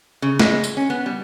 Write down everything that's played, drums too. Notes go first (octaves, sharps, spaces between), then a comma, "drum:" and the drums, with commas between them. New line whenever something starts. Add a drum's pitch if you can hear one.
C#3
G#3, drum: snare
drum: tambourine
C#4
B3
G3